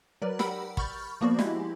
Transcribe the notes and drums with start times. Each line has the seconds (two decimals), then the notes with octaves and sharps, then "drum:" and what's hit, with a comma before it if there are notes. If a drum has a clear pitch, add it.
0.22 F#3 A#4 B4 D5
0.39 G4 A#4 F#5 B5 E6, drum: snare
0.77 B5 C#6 F6 G6 A6, drum: kick
1.21 F3 A#3 B3 F#4 C5 D5
1.39 G#3 E4 G4, drum: snare